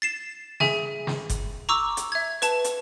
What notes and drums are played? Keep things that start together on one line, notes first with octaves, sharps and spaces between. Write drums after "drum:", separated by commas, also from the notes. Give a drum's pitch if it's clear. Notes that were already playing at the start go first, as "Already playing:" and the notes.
A6 C7 E7
G#4 E5 G#5, drum: snare
drum: snare
drum: kick F#1, hi-hat
A#5 C#6 D6 E6
drum: hi-hat
E5 G#6
B4 A5, drum: hi-hat
drum: hi-hat